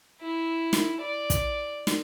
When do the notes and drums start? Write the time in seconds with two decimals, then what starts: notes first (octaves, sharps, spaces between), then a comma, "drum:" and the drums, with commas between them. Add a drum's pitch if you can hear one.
0.21 E4
0.73 drum: snare
1.01 D5
1.30 drum: kick, hi-hat
1.87 drum: snare